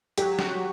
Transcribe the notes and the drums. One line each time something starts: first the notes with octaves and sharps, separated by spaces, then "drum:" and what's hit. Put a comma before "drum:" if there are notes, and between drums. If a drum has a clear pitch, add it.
F#3 G4, drum: hi-hat
F#4, drum: snare